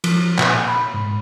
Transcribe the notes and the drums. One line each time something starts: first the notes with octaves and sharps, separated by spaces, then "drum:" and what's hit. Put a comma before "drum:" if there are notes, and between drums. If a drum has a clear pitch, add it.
F3, drum: cymbal
A#2, drum: clap
B5
G#2